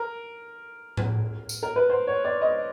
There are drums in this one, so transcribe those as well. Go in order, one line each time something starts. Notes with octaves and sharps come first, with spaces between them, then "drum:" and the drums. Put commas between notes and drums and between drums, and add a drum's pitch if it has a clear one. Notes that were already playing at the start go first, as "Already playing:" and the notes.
Already playing: A#4
drum: tom A2
drum: tambourine
A#4
B4
C5
C#5
D5
D#5